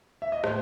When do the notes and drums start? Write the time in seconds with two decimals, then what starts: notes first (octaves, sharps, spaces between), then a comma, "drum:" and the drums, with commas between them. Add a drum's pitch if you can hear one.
0.22 E5
0.32 D#5
0.44 A2 C5, drum: rim click